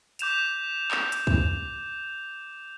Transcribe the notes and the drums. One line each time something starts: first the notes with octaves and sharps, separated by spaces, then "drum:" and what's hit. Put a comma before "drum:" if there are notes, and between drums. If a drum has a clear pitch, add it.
D6 G6 E7 F7, drum: hi-hat
drum: clap
drum: hi-hat
drum: kick